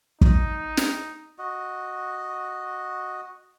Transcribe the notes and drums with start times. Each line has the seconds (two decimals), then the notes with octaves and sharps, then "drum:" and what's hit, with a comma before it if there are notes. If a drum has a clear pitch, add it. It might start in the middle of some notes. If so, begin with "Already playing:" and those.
0.21 D#4, drum: kick
0.77 drum: snare
1.39 F#4 D#5